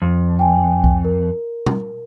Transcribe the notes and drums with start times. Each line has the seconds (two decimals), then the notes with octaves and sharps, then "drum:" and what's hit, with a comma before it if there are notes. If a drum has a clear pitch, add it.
0.02 F2
0.39 G5 G#5
0.84 drum: kick C2
1.05 A#4
1.66 drum: tom